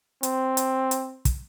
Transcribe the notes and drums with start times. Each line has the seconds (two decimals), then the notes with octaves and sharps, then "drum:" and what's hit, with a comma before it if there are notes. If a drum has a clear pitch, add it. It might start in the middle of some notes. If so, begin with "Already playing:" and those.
0.23 C4, drum: hi-hat
0.57 drum: hi-hat
0.91 drum: hi-hat
1.25 drum: kick, hi-hat